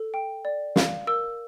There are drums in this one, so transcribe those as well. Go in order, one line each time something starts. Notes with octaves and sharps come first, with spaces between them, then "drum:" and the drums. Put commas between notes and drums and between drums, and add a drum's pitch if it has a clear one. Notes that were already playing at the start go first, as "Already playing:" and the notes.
Already playing: A4
G5
D5
F5, drum: snare
A#4 E6